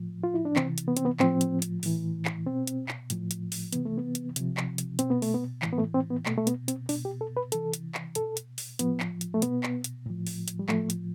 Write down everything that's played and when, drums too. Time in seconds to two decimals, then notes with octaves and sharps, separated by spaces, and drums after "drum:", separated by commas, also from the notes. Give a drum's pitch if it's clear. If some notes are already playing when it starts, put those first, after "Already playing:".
Already playing: A2 F3
0.24 F4
0.34 E4
0.45 D4
0.56 C3 E3 C4, drum: clap
0.78 drum: hi-hat
0.88 B3
0.97 C4, drum: hi-hat
1.05 B3
1.20 A2 F3 C4, drum: clap
1.41 drum: hi-hat
1.62 drum: hi-hat
1.83 A2 E3, drum: open hi-hat
2.25 drum: clap
2.47 B2 C4
2.67 drum: hi-hat
2.89 drum: clap
3.10 A2 F3, drum: hi-hat
3.31 drum: hi-hat
3.52 drum: open hi-hat
3.73 C3 E3 B3, drum: hi-hat
3.85 A3
3.98 B3
4.15 drum: hi-hat
4.36 C3 F3, drum: hi-hat
4.57 drum: clap
4.78 drum: hi-hat
4.99 B2 C4, drum: hi-hat
5.10 B3
5.22 A3, drum: open hi-hat
5.34 B3
5.62 A2 E3, drum: clap
5.73 B3
5.78 A3
5.94 C4
6.10 B3
6.26 B2 A3, drum: clap
6.38 A3
6.47 B3, drum: hi-hat
6.68 C4, drum: hi-hat
6.89 B2 D4, drum: open hi-hat
7.05 G4
7.21 A4
7.37 B4
7.52 C3 E3 A4, drum: hi-hat
7.74 drum: hi-hat
7.95 drum: clap
8.15 B2 A4, drum: hi-hat
8.37 drum: hi-hat
8.58 drum: open hi-hat
8.79 A2 F3 B3, drum: hi-hat
9.00 drum: clap
9.21 drum: hi-hat
9.34 A3
9.42 B2 B3, drum: hi-hat
9.63 drum: clap
9.84 drum: hi-hat
10.05 A2 F3
10.27 drum: open hi-hat
10.48 drum: hi-hat
10.59 G3
10.69 A2 F3 A3, drum: clap
10.90 drum: hi-hat